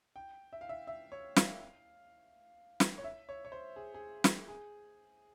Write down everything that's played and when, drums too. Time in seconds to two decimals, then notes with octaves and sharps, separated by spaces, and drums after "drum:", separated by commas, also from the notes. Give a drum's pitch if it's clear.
0.16 G5
0.53 E5
0.61 F5
0.69 E5
0.87 E5
1.12 C#5
1.36 F5, drum: snare
2.80 drum: snare
2.98 C#5
3.04 E5
3.29 C#5
3.45 C#5
3.52 C5
3.76 G#4
3.94 G#4
4.24 drum: snare
4.48 G#4